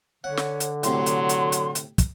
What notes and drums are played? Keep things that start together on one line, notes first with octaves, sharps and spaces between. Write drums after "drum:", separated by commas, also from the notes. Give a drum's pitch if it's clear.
D3 C#5 F#5
drum: snare
drum: hi-hat
A2 C3 F#3 C6, drum: hi-hat
drum: hi-hat
drum: hi-hat
drum: hi-hat
drum: hi-hat
drum: kick, hi-hat